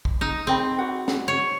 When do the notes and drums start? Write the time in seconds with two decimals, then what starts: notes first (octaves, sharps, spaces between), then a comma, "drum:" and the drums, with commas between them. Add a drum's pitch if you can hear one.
0.05 drum: kick
0.21 D#4
0.47 C4 G#4 G5 B5
0.79 F#4 F#5
1.08 drum: snare
1.28 C#5